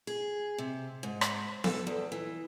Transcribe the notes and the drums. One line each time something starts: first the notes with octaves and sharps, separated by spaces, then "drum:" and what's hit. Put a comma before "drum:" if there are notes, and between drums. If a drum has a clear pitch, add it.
G#4
C3
G#2
drum: rim click
A4, drum: snare B3
E2
E3